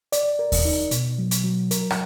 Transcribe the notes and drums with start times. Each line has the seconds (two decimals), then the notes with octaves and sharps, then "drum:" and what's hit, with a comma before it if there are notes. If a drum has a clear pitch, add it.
0.12 D5, drum: hi-hat
0.39 A#4
0.52 drum: kick D#2, open hi-hat
0.65 D#4
0.91 B2, drum: hi-hat
1.18 F#3
1.31 drum: hi-hat
1.44 F#3
1.71 A#4, drum: hi-hat
1.90 drum: rim click